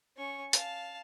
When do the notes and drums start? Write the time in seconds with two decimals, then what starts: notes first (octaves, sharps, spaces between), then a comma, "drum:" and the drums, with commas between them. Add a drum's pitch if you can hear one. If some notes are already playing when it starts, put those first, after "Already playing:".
0.17 C#4 C#6
0.53 F5 A5, drum: hi-hat